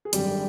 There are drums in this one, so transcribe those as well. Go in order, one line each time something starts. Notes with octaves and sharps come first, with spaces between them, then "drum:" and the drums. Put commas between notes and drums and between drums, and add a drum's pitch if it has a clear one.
G#4
G#1 F#2 D3 G3 G4, drum: hi-hat